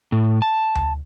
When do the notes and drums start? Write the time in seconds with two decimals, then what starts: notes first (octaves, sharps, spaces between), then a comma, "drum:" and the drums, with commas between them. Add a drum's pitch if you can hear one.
0.12 A2
0.42 A5
0.75 drum: tom D2